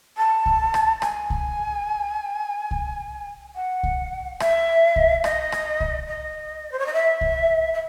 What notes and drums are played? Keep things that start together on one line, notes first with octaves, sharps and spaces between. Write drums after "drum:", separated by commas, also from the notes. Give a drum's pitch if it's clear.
A5
drum: kick C2
drum: rim click
G#5, drum: rim click
drum: kick C2
drum: kick C2
F#5
drum: kick C2
E5, drum: rim click
drum: kick C2
D#5, drum: rim click
drum: rim click
drum: kick C2
D#5
C5
C#5
D#5
E5
drum: kick C2
E5